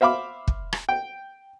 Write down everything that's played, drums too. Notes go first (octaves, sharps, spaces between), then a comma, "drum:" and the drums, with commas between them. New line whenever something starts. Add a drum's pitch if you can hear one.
C5 E5 F5 B5 D6
drum: kick
drum: rim click
G5